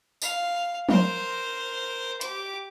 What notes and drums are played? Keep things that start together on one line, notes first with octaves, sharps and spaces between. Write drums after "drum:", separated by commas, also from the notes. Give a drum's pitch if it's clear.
F5, drum: tambourine
A#4 C5, drum: tom F3
G4 D6, drum: hi-hat